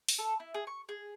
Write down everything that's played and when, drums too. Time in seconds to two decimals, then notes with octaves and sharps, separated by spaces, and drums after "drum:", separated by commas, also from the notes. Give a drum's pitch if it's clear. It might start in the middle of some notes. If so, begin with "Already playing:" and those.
0.08 drum: open hi-hat
0.18 A4
0.40 E4
0.54 G#4
0.67 C#6
0.89 G#4